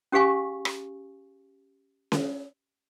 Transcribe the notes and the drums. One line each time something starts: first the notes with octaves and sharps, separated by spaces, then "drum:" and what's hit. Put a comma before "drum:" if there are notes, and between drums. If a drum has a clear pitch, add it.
C#4 G4 G#4 F5 G#5 C#6
drum: rim click
drum: snare C#4